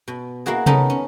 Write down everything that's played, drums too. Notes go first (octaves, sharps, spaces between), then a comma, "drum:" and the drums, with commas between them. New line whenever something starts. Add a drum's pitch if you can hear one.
B2
A#3 E4 F#4 G#4
B3 C#4 D#4 A4 A#4, drum: tom C3
C#4